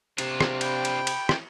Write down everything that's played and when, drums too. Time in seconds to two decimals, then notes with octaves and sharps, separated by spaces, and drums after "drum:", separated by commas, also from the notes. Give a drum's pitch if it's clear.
0.18 C3 D4 F4, drum: cymbal
0.41 drum: rim click
0.61 G5 B5, drum: cymbal
0.85 drum: cymbal
1.07 drum: cymbal
1.29 drum: rim click